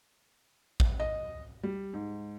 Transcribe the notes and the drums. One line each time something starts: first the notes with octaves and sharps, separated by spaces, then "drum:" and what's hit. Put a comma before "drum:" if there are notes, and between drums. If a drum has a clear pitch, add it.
drum: kick A#1
D#5
G3
G#2